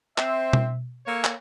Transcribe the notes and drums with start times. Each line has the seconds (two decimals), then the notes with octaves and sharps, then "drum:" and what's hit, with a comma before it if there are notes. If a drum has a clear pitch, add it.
0.18 C4 C5 E5, drum: clap
0.53 drum: tom B2
1.07 A#3 A4 C#5
1.24 drum: clap